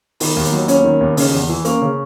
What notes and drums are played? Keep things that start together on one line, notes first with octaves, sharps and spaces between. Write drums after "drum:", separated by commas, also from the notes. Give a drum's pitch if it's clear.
D#3 B3, drum: open hi-hat
D#2
A#3, drum: hi-hat
F#3
B3 C#4, drum: hi-hat
D#3
D#2
C#3, drum: open hi-hat
E2
E3
A#3 C#4, drum: hi-hat
C#3